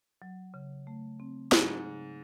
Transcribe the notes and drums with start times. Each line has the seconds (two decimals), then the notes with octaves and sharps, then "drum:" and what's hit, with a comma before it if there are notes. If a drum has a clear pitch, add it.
0.22 F#3
0.54 C#3
0.87 A3
1.20 C4
1.52 G#2 F#3, drum: snare
1.85 C#3